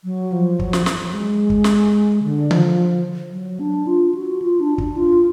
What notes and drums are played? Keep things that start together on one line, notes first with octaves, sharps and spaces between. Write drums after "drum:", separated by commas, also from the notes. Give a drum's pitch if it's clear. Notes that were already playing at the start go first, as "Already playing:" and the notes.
F#3
F3
F#3, drum: kick
F3, drum: snare
F3, drum: snare
F#3
G#3
drum: kick
drum: snare
D3
F3, drum: tom D3
F#3
D4
F4
F#4
F4
D4
D4, drum: kick
F4